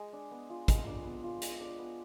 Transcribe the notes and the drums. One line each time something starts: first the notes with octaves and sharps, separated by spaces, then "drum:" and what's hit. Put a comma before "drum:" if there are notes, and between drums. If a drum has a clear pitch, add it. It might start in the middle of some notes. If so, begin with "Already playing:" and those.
Already playing: G#3
D4
B3
F4
G#3, drum: kick, hi-hat
D4
B3
F4
G#3, drum: hi-hat
D4
B3